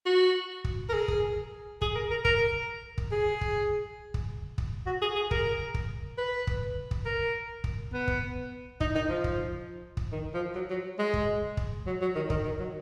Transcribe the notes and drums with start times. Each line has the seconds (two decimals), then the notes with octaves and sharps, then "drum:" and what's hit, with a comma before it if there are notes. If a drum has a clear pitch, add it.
0.06 F#4
0.64 drum: kick
0.89 A#4
0.94 G#4
1.08 drum: kick
1.82 G#4, drum: kick
1.95 A#4
2.11 A#4
2.25 A#4, drum: kick
2.98 drum: kick
3.12 G#4
3.41 drum: kick
4.14 drum: kick
4.58 drum: kick
4.86 F#4
5.02 G#4
5.16 G#4
5.31 A#4, drum: kick
5.74 drum: kick
6.18 B4
6.47 drum: kick
6.91 drum: kick
7.05 A#4
7.64 drum: kick
7.94 B3
8.08 drum: kick
8.80 D#4, drum: kick
8.95 D#4
9.09 F3
9.24 drum: kick
9.97 drum: kick
10.12 D#3
10.34 F3
10.55 F#3
10.70 F#3
10.99 G#3
11.14 drum: kick
11.57 drum: kick
11.86 F#3
12.01 F#3
12.15 D#3
12.30 D#3, drum: kick
12.45 D#3
12.59 F#3